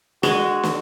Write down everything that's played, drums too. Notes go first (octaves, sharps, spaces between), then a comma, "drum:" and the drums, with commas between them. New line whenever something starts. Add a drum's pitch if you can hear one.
G#3 F#4, drum: snare
drum: snare